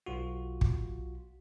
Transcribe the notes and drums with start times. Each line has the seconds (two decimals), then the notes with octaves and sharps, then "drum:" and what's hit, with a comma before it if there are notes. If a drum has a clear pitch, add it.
0.06 B1 F4 F#4
0.61 drum: kick